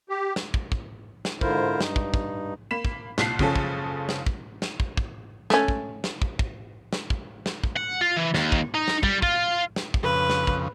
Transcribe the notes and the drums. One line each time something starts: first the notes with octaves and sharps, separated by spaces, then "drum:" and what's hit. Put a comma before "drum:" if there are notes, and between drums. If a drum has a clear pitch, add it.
G4
drum: snare
drum: kick
drum: kick
drum: snare
G#2 D3 E4 F4 A#4 C5, drum: kick
G2 D#4, drum: snare
drum: kick
drum: kick
A#3 B5 B6 E7
drum: kick
C2 A#2 A5 F#6 B6 C7, drum: snare
F#1 C#3 F3 C#4 A4 A5, drum: kick
drum: kick
drum: snare
drum: kick
drum: snare
drum: kick
drum: kick
A3 C#4, drum: snare
drum: kick
drum: snare
drum: kick
drum: kick
drum: snare
drum: kick
drum: snare
drum: kick
F#5
F4
E3
D#2, drum: snare
drum: kick
D#4
drum: snare
G3, drum: kick
F4, drum: kick
drum: snare
drum: kick
F2 C#3 B4
drum: snare
drum: kick